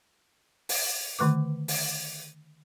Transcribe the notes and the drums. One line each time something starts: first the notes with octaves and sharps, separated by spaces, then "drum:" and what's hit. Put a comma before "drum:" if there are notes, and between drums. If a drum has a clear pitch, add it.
drum: open hi-hat
D3 D#3 A3 B4 D6
drum: open hi-hat